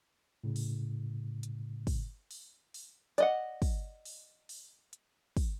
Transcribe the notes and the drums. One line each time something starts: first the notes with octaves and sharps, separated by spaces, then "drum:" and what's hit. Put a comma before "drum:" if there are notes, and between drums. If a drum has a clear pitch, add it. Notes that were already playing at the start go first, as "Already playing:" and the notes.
A2 C#3
drum: open hi-hat
drum: hi-hat
drum: kick, open hi-hat
drum: open hi-hat
drum: open hi-hat
D5 D#5 F#5, drum: hi-hat
drum: kick, open hi-hat
drum: open hi-hat
drum: open hi-hat
drum: hi-hat
drum: kick, open hi-hat